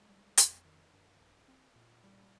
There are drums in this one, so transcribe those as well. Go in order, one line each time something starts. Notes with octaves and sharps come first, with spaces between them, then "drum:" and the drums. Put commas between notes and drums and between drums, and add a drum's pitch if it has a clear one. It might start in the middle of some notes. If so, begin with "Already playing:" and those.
Already playing: G#3
G3
F2, drum: hi-hat
D#3
G2
A#1
C4
A#2
G3